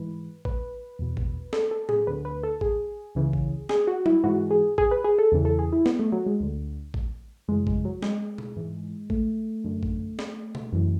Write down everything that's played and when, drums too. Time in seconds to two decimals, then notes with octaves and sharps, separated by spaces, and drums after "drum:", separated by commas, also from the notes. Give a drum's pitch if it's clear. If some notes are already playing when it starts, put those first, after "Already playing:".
Already playing: G#2 E3 B4
0.45 B4, drum: kick A1
0.99 E2 B2
1.17 drum: kick A1
1.53 A4, drum: snare
1.71 A4
1.89 G#4, drum: tom
2.07 D2 D3 B4
2.25 B4
2.43 A4
2.61 G#4, drum: kick A1
3.15 C#2 C#3 E3
3.33 drum: kick A1
3.69 G#4, drum: snare
3.87 F#4
4.06 E4, drum: tom F#3
4.24 G#2 E3 F#4
4.51 G#4
4.78 G#4, drum: kick A1
4.91 B4
5.04 G#4
5.18 A4
5.32 E2 C#3 E3
5.45 A4
5.59 G#4
5.73 E4
5.86 B3, drum: snare
5.99 A3
6.12 F#3
6.26 G#3
6.40 D2 D3
6.94 drum: kick A1
7.48 F#2 C#3 E3 G#3
7.67 G#3, drum: kick A1
7.85 F#3
8.02 G#3, drum: snare
8.38 drum: tom B2
8.56 G#2 E3
9.10 A3, drum: kick A1
9.64 F#2 D3
9.83 drum: kick A1
10.19 drum: snare
10.55 drum: tom B2
10.73 F#2 E3